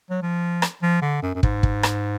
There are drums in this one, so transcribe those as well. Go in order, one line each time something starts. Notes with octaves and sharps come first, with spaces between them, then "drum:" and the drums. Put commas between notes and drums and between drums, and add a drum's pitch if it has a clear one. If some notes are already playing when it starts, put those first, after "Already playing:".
F#3
F3
drum: rim click
F3
D3
F#2
F#2
G#2, drum: kick
drum: kick
drum: rim click